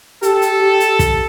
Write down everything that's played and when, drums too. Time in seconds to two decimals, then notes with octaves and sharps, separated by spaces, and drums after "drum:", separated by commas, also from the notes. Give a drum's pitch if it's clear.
0.23 G4 A4, drum: hi-hat
0.42 drum: hi-hat
0.60 G4
0.80 drum: hi-hat
0.99 drum: kick, hi-hat